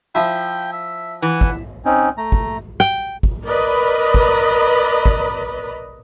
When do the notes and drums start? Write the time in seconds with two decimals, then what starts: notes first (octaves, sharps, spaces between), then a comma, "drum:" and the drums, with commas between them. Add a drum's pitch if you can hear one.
0.15 F3 E4 G5
0.73 E5
1.22 E3 F#5
1.41 drum: kick
1.85 C4 C#4 D#4
2.18 A3 A#5
2.32 drum: kick
2.80 G5
3.23 drum: kick
3.46 A#4 B4 D5 D#5 A#5 B5
4.14 drum: kick
5.06 drum: kick